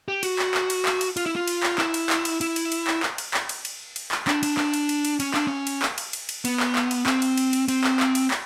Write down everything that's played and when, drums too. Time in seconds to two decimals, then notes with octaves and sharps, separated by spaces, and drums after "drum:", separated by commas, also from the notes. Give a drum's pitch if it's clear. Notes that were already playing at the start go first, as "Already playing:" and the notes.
0.08 G4
0.23 F#4, drum: cymbal
0.39 drum: clap
0.54 drum: clap
0.70 drum: cymbal
0.85 drum: clap
1.01 drum: cymbal
1.17 F4, drum: cymbal
1.26 E4
1.36 F4
1.48 drum: cymbal
1.63 drum: clap
1.78 E4, drum: clap
1.94 drum: cymbal
2.10 drum: clap
2.25 drum: cymbal
2.41 E4, drum: cymbal
2.56 drum: cymbal
2.72 drum: cymbal
2.87 drum: clap
3.03 drum: clap
3.18 drum: cymbal
3.34 drum: clap
3.49 drum: cymbal
3.65 drum: cymbal
3.96 drum: cymbal
4.11 drum: clap
4.27 D4, drum: clap
4.43 D4, drum: cymbal
4.57 D4, drum: clap
4.74 drum: cymbal
4.89 drum: cymbal
5.05 drum: cymbal
5.20 C#4, drum: cymbal
5.34 D4, drum: clap
5.47 C#4
5.67 drum: cymbal
5.82 drum: clap
5.98 drum: cymbal
6.13 drum: cymbal
6.29 drum: cymbal
6.45 B3, drum: cymbal
6.60 drum: clap
6.75 drum: clap
6.91 drum: cymbal
7.06 C4, drum: clap
7.22 drum: cymbal
7.37 drum: cymbal
7.53 drum: cymbal
7.68 C4, drum: cymbal
7.84 drum: clap
8.00 drum: clap
8.15 drum: cymbal
8.31 drum: clap